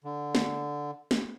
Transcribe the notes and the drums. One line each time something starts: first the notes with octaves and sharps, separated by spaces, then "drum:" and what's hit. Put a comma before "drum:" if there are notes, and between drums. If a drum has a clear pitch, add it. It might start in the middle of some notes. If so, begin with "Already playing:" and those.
D3
drum: snare
drum: snare